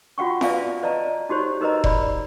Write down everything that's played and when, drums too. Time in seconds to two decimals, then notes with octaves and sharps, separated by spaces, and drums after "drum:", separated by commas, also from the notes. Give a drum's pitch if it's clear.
0.18 F4 F#4 F#5 G5 C#6
0.41 B4 D5 E5 F5 G#5 A5, drum: snare
0.83 B4 D5 D#5 A5 A#5
1.29 D#4 F#4 G4 C5 C#5
1.61 D#4 A#4 B4 D#5 A#5
1.84 D5 B5, drum: kick F1